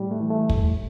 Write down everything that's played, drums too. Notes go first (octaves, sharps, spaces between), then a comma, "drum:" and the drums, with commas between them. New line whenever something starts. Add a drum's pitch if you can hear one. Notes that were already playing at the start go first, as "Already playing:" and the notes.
Already playing: A2 G3
A3
E3
A3
A2, drum: kick